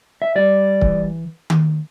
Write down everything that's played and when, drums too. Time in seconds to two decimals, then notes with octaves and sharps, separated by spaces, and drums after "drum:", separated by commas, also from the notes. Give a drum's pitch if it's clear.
0.22 E5
0.35 G3 D5
0.81 E3, drum: kick C#1
1.50 drum: tom D#3